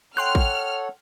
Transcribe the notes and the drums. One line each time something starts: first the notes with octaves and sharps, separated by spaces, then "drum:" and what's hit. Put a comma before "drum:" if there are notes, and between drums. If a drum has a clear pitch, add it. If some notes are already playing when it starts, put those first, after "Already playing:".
A4 C#5 F#5 G5 C6 F6 F#6
drum: kick